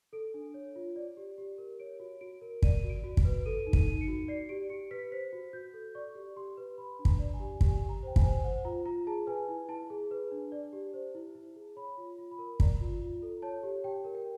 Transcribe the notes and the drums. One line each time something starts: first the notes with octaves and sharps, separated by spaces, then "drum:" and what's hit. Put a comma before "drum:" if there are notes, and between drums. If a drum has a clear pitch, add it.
A4 D7
D4
C#5
F4
D5
G4
G4
A#4
C#5 D7
F#4
F#4 D7
A#4
D5 D#7, drum: kick
F#4
D7
F#4
D7, drum: kick
B4
A4 D#7
D#4
D#7, drum: kick
D#4
C#7
F#4
D5 C7
G4 D7
G4 C#7
B4 B6
C5 B6
F#4
F#4 G6
A4
D5 C#6
G4
G4 C6
B4
B4 B5
D4 B5
A#5, drum: kick
D5
G#5
G4
G4 G#5, drum: kick
G4
A#5
C5 G5
G#5, drum: kick
C5
C5 F#5
F4 A#5
F4 A#5
G#4 A5
B4 G#5
E4
E4 A5
G#4
B4
D4
D5
G4
C5
E4
E4
G#4
C#5 B5
F4
F4
B5
A#4
D5 A#5, drum: kick
F4
F4
A4
C#5 A5
G4
G4 G5
A#4
G5